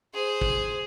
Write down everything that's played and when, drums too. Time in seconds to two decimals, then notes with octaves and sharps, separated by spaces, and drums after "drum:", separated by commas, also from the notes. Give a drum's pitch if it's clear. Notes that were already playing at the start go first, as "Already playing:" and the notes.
0.14 G#4 C5
0.41 drum: kick